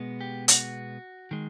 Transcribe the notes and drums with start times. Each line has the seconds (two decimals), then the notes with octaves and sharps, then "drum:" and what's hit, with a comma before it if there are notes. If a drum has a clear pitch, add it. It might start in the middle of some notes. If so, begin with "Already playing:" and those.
Already playing: B2 G#3 B3
0.21 G4
0.48 F#4, drum: hi-hat
1.31 D#3 G#3